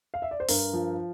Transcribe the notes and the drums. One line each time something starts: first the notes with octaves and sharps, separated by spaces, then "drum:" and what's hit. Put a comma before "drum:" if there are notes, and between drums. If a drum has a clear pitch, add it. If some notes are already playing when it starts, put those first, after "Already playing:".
F5
E5
D5
C5
G2 A#4, drum: open hi-hat
F3